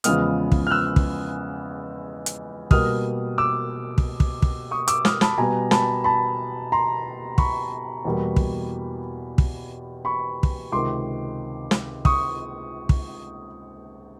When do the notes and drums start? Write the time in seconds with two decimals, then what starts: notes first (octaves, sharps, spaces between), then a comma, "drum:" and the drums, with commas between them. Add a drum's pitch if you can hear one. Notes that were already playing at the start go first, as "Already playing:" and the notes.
0.04 E2 C#3 F3 G#3 B3 D#6 F6, drum: hi-hat
0.52 drum: kick
0.67 F6
0.71 E6 F#6
0.96 drum: kick
2.26 drum: hi-hat
2.71 B2 G3 A#3 D#6 F6, drum: kick
3.38 D6 E6
3.98 drum: kick
4.20 drum: kick
4.42 drum: kick
4.71 C#6 D#6
4.88 D6 E6, drum: hi-hat
5.05 D#6 F6, drum: snare
5.21 A5 B5, drum: snare
5.38 B2 G3 B3 G#5 A#5
5.71 A5 B5, drum: snare
6.04 A5 B5
6.72 A#5 C6
7.38 B5 C#6, drum: kick
8.05 E2 B2 G3 A#3
8.36 drum: kick
9.38 drum: kick
10.05 B5 C#6
10.43 drum: kick
10.72 C#2 C3 D#3 C6 D6
11.71 drum: snare
12.05 C#6 D#6, drum: kick
12.89 drum: kick